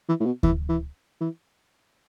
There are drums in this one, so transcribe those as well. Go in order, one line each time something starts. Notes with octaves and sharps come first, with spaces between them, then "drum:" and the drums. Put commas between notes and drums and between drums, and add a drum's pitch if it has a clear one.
E3
A2
B2
E3, drum: kick D2
E3
E3